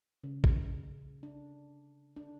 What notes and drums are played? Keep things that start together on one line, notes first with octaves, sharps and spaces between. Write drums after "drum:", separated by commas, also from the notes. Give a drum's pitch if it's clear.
C#3
drum: kick A1
D4
D4